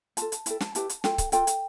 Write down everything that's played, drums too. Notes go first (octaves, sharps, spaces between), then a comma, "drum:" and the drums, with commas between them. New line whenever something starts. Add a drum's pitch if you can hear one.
F4 A4 A5, drum: hi-hat
drum: hi-hat
E4 A4 G5, drum: hi-hat
A5, drum: snare
E4 G4 B4 A5, drum: hi-hat
drum: hi-hat
F4 A4 G5, drum: snare
drum: kick C#1, hi-hat
F4 A4 G5, drum: hi-hat
drum: hi-hat